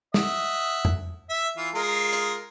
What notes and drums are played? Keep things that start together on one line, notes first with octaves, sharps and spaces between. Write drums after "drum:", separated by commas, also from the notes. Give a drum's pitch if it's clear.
D#5 E5 F#5, drum: snare
drum: tom F2
E5
E3 F4
G#3 F4 A#4
drum: hi-hat